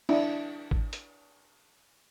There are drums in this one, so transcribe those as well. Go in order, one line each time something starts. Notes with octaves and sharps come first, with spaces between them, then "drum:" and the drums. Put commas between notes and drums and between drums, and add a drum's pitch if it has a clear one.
D4 E4, drum: cymbal
drum: kick G#1
drum: hi-hat